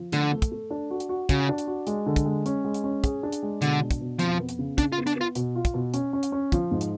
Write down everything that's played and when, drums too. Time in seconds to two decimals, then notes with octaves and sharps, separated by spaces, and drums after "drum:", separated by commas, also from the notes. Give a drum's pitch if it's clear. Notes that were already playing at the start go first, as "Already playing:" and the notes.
Already playing: F3
0.12 D3 A3, drum: hi-hat
0.32 A3
0.42 drum: kick, hi-hat
0.52 A3
0.71 D4
0.91 F#4
1.00 drum: hi-hat
1.09 F#4
1.29 C#3 F#4, drum: kick, hi-hat
1.49 D4
1.58 drum: hi-hat
1.67 F#4
1.87 G#3, drum: hi-hat
2.06 D3
2.16 drum: kick, hi-hat
2.25 G#3
2.46 C#4, drum: hi-hat
2.65 G#3
2.74 drum: hi-hat
2.84 C#4
3.04 G#4, drum: kick, hi-hat
3.23 D4
3.32 drum: hi-hat
3.43 G#3
3.62 B2 D3, drum: hi-hat
3.80 D4
3.91 drum: kick, hi-hat
4.00 B2
4.19 F2 F3, drum: hi-hat
4.40 B3
4.49 drum: hi-hat
4.58 C#3
4.78 C#3 D4, drum: kick, hi-hat
4.92 F4
4.98 B3
5.07 D4, drum: hi-hat
5.16 B3
5.21 F4
5.35 B2, drum: hi-hat
5.56 F4
5.65 drum: kick, hi-hat
5.74 B2
5.94 C#4, drum: hi-hat
6.13 C#4
6.23 drum: hi-hat
6.32 C#4
6.52 F3, drum: kick, hi-hat
6.71 G#2
6.81 drum: hi-hat